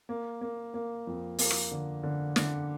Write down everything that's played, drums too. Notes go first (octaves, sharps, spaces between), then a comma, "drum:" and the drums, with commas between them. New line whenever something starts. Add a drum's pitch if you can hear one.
A#3
A#3
A#3
F2
A#3, drum: open hi-hat
drum: rim click
D3
D3
D3, drum: snare